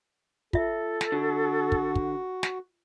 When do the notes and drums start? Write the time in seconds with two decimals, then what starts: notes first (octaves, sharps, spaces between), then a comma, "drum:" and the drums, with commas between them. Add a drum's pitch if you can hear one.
0.53 F4 A4 E5, drum: kick
1.01 drum: snare
1.12 D3 F#4
1.72 drum: kick
1.95 drum: kick
2.43 drum: snare